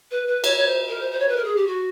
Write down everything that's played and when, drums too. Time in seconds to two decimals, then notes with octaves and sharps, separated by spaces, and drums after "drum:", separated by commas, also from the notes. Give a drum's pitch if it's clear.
0.11 B4
0.27 B4
0.44 C#5, drum: cymbal
0.56 C#5
0.66 C5
0.89 A#4
1.00 C5
1.11 C5
1.20 C#5
1.29 B4
1.36 A#4
1.44 G#4
1.56 G4
1.67 F#4